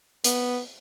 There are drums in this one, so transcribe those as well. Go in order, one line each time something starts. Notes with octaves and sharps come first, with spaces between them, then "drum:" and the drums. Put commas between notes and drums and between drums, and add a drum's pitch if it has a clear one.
B3, drum: hi-hat